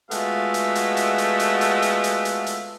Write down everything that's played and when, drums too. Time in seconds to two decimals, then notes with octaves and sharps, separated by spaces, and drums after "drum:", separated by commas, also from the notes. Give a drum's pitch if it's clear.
0.11 G#3 A3 B3 F4 F#4 E5, drum: hi-hat
0.54 drum: hi-hat
0.75 drum: hi-hat
0.97 drum: hi-hat
1.18 drum: hi-hat
1.40 drum: hi-hat
1.61 drum: hi-hat
1.82 drum: hi-hat
2.04 drum: hi-hat
2.25 drum: hi-hat
2.46 drum: hi-hat